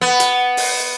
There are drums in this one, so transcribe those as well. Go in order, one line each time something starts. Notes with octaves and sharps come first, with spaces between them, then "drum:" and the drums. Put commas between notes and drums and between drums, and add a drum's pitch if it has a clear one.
B3
drum: hi-hat
drum: open hi-hat